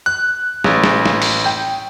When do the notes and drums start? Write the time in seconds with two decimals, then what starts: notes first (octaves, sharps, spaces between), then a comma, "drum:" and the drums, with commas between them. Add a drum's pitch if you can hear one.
0.06 F#6
0.64 A1, drum: snare
0.84 drum: snare
1.05 drum: snare
1.22 drum: open hi-hat
1.46 G5